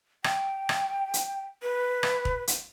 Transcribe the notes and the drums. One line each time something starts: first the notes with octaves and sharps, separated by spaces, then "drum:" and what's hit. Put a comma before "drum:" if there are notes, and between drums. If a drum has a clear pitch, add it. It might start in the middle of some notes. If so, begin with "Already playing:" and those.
G5, drum: rim click
drum: rim click
drum: hi-hat
B4
drum: rim click
drum: kick E1
drum: hi-hat